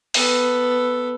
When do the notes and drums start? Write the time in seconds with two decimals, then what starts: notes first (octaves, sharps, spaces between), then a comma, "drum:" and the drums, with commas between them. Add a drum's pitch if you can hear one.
0.14 B3 A4, drum: open hi-hat